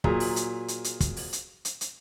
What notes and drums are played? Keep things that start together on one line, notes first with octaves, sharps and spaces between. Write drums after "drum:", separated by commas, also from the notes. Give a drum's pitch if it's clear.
A#2 F#3 G#4 A#5, drum: kick
drum: open hi-hat
drum: hi-hat
drum: hi-hat
drum: hi-hat
drum: kick, hi-hat
drum: open hi-hat
drum: hi-hat
drum: hi-hat
drum: hi-hat